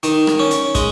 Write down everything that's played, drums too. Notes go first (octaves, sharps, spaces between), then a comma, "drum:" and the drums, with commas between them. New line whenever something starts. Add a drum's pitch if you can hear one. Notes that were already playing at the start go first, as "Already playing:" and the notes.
D#3, drum: hi-hat
drum: rim click
C#4
drum: hi-hat
G#3, drum: kick, hi-hat